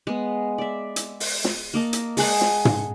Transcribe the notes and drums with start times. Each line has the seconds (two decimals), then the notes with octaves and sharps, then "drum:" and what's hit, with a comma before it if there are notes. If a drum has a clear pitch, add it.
0.07 G#3 B3
0.58 D5 E5
0.96 drum: hi-hat
1.20 drum: open hi-hat
1.44 drum: snare
1.74 A#3 D#5 A5
1.93 drum: hi-hat
2.17 G#3 G#4 F#5 A5, drum: open hi-hat
2.41 drum: snare
2.65 drum: tom